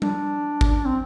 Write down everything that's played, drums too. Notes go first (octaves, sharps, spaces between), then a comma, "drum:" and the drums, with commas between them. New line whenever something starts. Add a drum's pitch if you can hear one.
D4, drum: tom G3
drum: kick G#1
C4